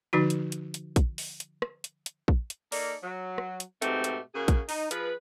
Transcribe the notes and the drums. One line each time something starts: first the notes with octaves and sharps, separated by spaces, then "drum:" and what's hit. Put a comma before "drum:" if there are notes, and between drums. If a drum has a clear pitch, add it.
D3 F3 D#4 F#4
drum: hi-hat
drum: hi-hat
drum: hi-hat
drum: kick, hi-hat
drum: open hi-hat
drum: hi-hat
drum: rim click
drum: hi-hat
drum: hi-hat
drum: kick
drum: hi-hat
A#3 D#4 A4 A#4 D5, drum: open hi-hat
F#3
drum: rim click
drum: hi-hat
G#2 B2 A3 C4 G4, drum: hi-hat
drum: hi-hat
C#3 A#3 F#4 G#4
drum: kick, hi-hat
D#4, drum: open hi-hat
F3 G#4 B4, drum: hi-hat